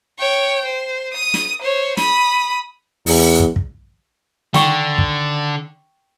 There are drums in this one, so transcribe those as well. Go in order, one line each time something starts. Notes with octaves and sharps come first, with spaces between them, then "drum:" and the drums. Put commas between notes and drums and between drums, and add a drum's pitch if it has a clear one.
C#5 G5
C5
D#6 D#7
drum: snare
C5 C#5
B5 D#6, drum: snare
E2, drum: open hi-hat
drum: kick
drum: kick
D3 D#3 G5 C#6, drum: snare
drum: kick